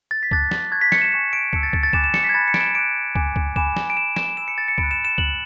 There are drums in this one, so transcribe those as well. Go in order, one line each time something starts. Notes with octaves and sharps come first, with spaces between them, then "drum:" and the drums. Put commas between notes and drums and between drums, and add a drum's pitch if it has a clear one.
A6
B6
A5 D6 F#6 A6, drum: kick
drum: snare
A5 C#6 F#6 G#6
B6
C#7, drum: snare
E7
G#5 C#6 F#6 E7
D7
A5 E6 C#7, drum: kick
A6
A6, drum: kick
A6
G#5 B5 D6 F#6 E7, drum: kick
E7
C#7, drum: snare
B6
G#6
G#5 B5 F#6 A6
C#7
D7, drum: snare
E7
B5 D6 F#6 D7
G#5 D6 F#6, drum: kick
drum: kick
G#5 B5 D6 F#6 E7, drum: kick
drum: snare
D7
G#5 B5 D6 E7
E7, drum: snare
B5 E6 E7
C#7
A6
C#7
B5 D7, drum: kick
F#6
E7
E7
B5 F#6 F#7, drum: kick